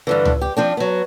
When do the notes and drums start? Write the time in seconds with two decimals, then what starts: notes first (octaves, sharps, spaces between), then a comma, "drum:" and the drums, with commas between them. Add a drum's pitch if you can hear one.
0.07 G2 D3 E3
0.25 drum: tom C#2
0.41 G4
0.57 F3 C4 D4
0.77 F#3 B3